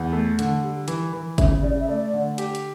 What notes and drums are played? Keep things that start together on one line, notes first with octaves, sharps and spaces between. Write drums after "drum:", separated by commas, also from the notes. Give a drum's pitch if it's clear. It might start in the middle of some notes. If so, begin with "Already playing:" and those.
Already playing: E2
A3
D3, drum: hi-hat
G3
E3, drum: hi-hat
E3
C#3 E5, drum: kick G1, hi-hat
C#3 D5
E5
A3 D5
D3
G4, drum: hi-hat
drum: hi-hat